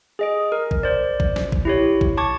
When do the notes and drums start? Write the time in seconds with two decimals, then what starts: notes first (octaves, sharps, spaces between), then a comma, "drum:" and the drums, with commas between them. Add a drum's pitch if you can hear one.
0.19 G#4 D#5 D7
0.52 A#4
0.71 drum: kick A1
0.83 C5 D5
1.20 drum: kick A1
1.36 drum: snare
1.52 drum: kick A1
1.65 E4 G4 C#5
2.01 drum: kick A1
2.17 A5 C#6 D6 G#6